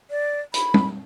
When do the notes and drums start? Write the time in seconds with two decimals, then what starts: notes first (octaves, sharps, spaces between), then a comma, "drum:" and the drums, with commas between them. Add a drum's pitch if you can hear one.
0.11 D5
0.54 B5, drum: hi-hat
0.74 drum: tom G3